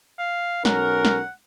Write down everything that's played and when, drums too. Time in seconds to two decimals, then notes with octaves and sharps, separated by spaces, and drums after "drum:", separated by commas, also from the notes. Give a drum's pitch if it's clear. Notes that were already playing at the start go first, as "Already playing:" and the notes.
0.19 F5
0.65 B1 C#4 A#4 F#5, drum: snare
1.05 drum: snare